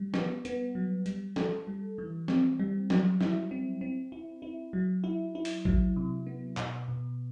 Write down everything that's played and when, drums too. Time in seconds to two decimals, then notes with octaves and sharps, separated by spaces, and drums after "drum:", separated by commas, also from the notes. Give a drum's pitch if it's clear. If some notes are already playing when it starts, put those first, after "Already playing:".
Already playing: G3
0.14 B3, drum: snare
0.45 B3, drum: hi-hat
0.75 F#3
1.06 G3, drum: hi-hat
1.36 A4, drum: snare
1.67 G3
1.98 E3
2.28 C4, drum: snare
2.60 G3
2.90 F#3, drum: snare
3.21 E4, drum: snare
3.51 C4
3.81 C4
4.12 E4
4.42 E4
4.73 F#3
5.04 E4
5.35 E4
5.45 drum: open hi-hat
5.65 F#3, drum: kick A1
5.96 C3
6.27 B3
6.57 B2, drum: clap
6.88 B2